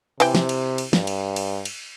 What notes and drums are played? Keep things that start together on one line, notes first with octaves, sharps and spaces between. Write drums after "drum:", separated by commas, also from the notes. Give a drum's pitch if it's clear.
C3 E3 G4, drum: cymbal
drum: snare
drum: cymbal
drum: cymbal
G2, drum: snare
drum: cymbal
drum: cymbal
drum: cymbal